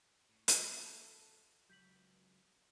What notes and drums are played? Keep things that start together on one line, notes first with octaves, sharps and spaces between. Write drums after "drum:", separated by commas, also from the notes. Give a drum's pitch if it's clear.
A2
A4, drum: hi-hat
F3 E5 A5
C#2 F#3 G6 B6 F#7